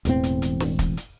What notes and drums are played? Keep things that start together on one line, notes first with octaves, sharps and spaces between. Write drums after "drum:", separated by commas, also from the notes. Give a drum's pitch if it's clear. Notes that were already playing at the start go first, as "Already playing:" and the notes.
E1 E2 A2 C4, drum: hi-hat
drum: hi-hat
drum: hi-hat
drum: snare
drum: kick, hi-hat
drum: hi-hat